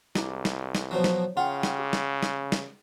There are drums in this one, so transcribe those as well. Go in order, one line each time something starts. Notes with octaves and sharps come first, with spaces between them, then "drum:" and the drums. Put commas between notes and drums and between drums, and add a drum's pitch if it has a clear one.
C2 E4 G#4 A#5, drum: snare
drum: snare
drum: snare
B2 F3 F#3 C5 C#5
drum: snare
C#3 F4 F#5 G5
drum: snare
G#4
drum: snare
drum: snare
drum: snare